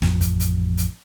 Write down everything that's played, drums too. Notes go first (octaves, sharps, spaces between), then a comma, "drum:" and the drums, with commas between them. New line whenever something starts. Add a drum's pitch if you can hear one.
A1 F2 F3, drum: snare
drum: kick, hi-hat
drum: hi-hat
drum: hi-hat